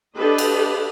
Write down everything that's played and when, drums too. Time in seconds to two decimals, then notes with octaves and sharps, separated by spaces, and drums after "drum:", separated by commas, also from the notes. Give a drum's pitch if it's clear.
0.15 D4 G4 A4 B4 D#5
0.38 drum: cymbal